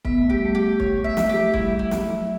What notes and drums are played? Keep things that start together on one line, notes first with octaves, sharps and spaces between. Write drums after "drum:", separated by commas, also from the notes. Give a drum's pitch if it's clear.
B3 E5, drum: kick C#1
A3
G3 G4
A3
G4
C#5, drum: kick C#1
E5
A3, drum: snare
G4
A3
G3 E4, drum: kick C#1
E4
F#3, drum: snare